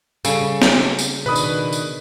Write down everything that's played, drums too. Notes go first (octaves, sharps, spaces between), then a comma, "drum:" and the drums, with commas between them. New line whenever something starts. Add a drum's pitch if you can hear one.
C#3 G3 A4, drum: tambourine
drum: snare
drum: tambourine
B2 D#3 D4 B4 B5 D#6
drum: tambourine
drum: tambourine